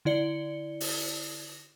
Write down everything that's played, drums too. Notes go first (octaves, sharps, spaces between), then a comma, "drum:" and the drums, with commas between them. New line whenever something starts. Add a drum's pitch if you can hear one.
D3 E4 D5 C#7 G7
drum: open hi-hat